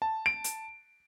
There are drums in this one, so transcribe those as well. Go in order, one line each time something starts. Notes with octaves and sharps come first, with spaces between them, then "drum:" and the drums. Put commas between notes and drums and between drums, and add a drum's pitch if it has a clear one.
A5
D7
drum: hi-hat